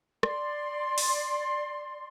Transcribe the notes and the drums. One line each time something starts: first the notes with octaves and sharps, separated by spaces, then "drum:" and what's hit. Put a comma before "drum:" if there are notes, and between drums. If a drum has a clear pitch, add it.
D5 C6, drum: rim click
drum: open hi-hat